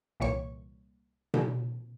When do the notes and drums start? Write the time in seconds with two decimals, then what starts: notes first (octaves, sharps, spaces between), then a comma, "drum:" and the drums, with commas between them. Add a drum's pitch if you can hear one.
0.20 C2 A#2 E3 C#5 C#6
1.34 drum: tom B2